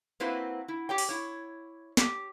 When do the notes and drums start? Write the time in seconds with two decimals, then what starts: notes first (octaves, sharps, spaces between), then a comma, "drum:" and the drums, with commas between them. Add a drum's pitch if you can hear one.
0.20 A#3 C4 E4 F#4 B4 C5
0.68 E4
0.89 G4 C#5 G5
0.98 drum: open hi-hat
1.09 E4 C#5
1.97 G4, drum: snare